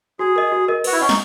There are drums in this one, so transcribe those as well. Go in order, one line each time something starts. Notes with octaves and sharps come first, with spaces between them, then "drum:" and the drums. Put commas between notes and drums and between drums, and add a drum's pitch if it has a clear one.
F#4 G#4
A#4 D#5
F#4
A#4 D#5
F#4 B4, drum: cymbal
E4
C#4 D#5 F#5 C#6
D#4, drum: snare